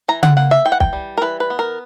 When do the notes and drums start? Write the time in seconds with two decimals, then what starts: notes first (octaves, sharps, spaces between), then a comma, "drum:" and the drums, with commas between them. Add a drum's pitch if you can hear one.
0.08 E3 A#5
0.23 F#5, drum: tom C#3
0.37 A#3 F#5
0.51 E5
0.65 E3 G5
0.72 F#5
0.80 G5, drum: kick
0.93 G3
1.17 A#4
1.21 E3 B4
1.40 B4
1.50 B3
1.59 A#4